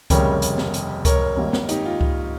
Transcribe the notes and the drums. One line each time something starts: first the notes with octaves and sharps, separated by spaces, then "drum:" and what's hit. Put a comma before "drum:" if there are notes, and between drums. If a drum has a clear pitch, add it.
F1 D#2 C#3 G3 A#4 C#5, drum: kick C#2, hi-hat
drum: hi-hat
drum: snare
drum: hi-hat
A#4 C#5, drum: kick C#2, hi-hat
G#1 G2 G3 A#3
drum: snare
D#4 G4, drum: hi-hat
F4
drum: kick C#2